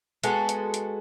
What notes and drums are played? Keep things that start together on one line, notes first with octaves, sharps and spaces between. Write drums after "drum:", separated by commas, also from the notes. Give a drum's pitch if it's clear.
G#3 B3 F#4 A4, drum: hi-hat
drum: hi-hat
drum: hi-hat